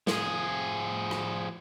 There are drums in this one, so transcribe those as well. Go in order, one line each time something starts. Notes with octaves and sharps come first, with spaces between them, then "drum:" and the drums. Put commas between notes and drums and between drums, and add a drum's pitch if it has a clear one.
F3 G#4, drum: snare
drum: rim click